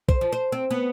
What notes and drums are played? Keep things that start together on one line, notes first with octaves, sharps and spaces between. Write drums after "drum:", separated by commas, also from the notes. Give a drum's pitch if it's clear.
C5, drum: kick
F3
C5
C4
B3